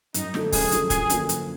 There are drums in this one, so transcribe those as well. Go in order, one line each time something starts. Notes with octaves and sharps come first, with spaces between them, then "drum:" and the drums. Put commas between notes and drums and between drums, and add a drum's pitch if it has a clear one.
F#2 D#4, drum: hi-hat
D3 F3 A3, drum: snare
F#2 G#4, drum: kick, open hi-hat
D3 F3 A3, drum: hi-hat
F#2 G#4, drum: kick, hi-hat
D3 F3 A#3, drum: hi-hat
F#2, drum: hi-hat